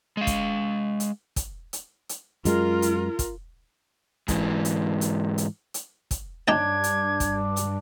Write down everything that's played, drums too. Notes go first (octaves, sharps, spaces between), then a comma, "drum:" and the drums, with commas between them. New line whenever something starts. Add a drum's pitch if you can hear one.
G#3 F5
drum: kick, hi-hat
drum: hi-hat
drum: kick, hi-hat
drum: hi-hat
drum: hi-hat
F#2 G#3 F4 A#4, drum: hi-hat
drum: hi-hat
drum: kick, hi-hat
G#2 E3, drum: kick, hi-hat
drum: hi-hat
drum: hi-hat
drum: hi-hat
drum: hi-hat
drum: kick, hi-hat
G2 D4 D#4 G5 A5 G#6
drum: hi-hat
drum: kick, hi-hat
drum: hi-hat